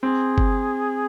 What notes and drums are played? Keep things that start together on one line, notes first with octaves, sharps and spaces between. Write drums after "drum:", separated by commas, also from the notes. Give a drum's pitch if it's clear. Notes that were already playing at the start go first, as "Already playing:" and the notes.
C4 G#4
drum: kick G1